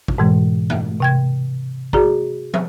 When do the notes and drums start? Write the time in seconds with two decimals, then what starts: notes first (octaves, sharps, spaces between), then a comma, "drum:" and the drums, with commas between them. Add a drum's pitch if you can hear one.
0.08 drum: kick
0.18 G#2 B2 E3 G#3
0.70 drum: tom
1.00 C3 G5 G#6
1.93 F#4 G#4 D5 A#5, drum: kick
2.54 drum: tom